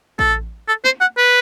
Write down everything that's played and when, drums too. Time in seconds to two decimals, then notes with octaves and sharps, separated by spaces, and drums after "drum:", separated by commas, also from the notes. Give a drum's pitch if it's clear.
0.19 A4, drum: kick A1
0.68 A4
0.84 C5, drum: snare
1.01 F#5
1.18 B4